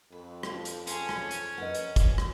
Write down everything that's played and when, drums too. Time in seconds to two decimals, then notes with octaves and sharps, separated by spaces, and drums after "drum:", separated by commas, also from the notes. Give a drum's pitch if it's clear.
0.12 F2 B4
0.43 drum: rim click
0.65 drum: hi-hat
0.87 C#4 G#4 A5 C6, drum: hi-hat
1.09 drum: rim click
1.31 drum: hi-hat
1.58 A#4 B4 D#5 F#5
1.74 drum: hi-hat
1.96 drum: kick, hi-hat
2.18 drum: rim click